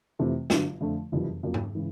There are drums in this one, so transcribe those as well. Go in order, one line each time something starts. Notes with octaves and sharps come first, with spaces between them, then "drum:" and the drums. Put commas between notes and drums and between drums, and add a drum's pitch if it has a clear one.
F2 C3 E3 A3 C4
G1 G2 D3 F#3, drum: snare
F2 D3 F3 A3
F#1 F2 C3 E3 G3
F2 C#3 F#3 A#3
drum: tom G2
C#3 E3 G#3